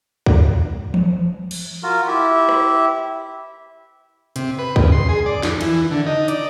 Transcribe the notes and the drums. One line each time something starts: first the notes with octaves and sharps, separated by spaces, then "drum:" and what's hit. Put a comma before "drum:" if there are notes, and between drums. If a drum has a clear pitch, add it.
drum: kick
drum: tom E3
drum: cymbal
F4 F#4 A#4
E4 G4 E5
drum: rim click
C3, drum: hi-hat
B4
C#3, drum: kick
C6
G#4
D5
F2, drum: snare
E3, drum: cymbal
D3
D#4
D5, drum: hi-hat